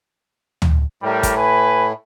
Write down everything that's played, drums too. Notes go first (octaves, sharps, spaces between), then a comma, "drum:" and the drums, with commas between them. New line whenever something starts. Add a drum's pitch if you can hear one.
drum: tom
A2 G3 A#4
drum: kick, hi-hat
B4 G#5 B5